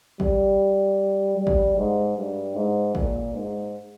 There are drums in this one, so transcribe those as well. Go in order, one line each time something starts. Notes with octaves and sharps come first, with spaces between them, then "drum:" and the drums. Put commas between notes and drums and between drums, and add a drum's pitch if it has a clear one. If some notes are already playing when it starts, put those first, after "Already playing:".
G3, drum: kick
G3
drum: kick
G#2
G2
G#2
A#2, drum: kick
G#2